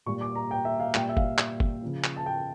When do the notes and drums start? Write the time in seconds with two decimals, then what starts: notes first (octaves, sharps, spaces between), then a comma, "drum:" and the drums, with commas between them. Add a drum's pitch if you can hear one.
0.06 A#2 G3 C#6
0.21 D6
0.35 A#5
0.51 G5
0.65 E5
0.80 F5
0.94 A#2 G3 G5, drum: clap
1.09 E5
1.17 F5, drum: kick
1.38 drum: clap
1.60 drum: kick
1.82 C#3 F3
2.04 drum: clap
2.16 A5
2.26 G5